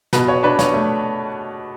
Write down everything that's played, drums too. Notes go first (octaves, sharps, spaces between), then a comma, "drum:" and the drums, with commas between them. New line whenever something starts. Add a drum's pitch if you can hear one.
B2 B4, drum: snare
C#5
D4 B4
C#5, drum: snare
A3